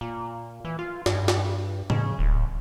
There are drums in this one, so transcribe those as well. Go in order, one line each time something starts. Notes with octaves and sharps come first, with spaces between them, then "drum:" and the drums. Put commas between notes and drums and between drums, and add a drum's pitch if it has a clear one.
A#2
E3
F4
G2, drum: snare
drum: snare
C#3, drum: tom A2
D1